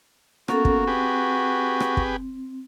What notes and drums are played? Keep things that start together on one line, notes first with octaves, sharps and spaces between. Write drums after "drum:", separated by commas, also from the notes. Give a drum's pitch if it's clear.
A#3 B3 C#4 F#4 A4, drum: rim click
drum: kick
C4 G4 G#4 B4
drum: rim click
drum: kick